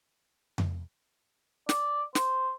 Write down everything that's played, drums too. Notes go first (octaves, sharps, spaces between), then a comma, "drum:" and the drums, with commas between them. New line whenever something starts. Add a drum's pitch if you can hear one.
drum: tom F2
D5, drum: snare
C5, drum: snare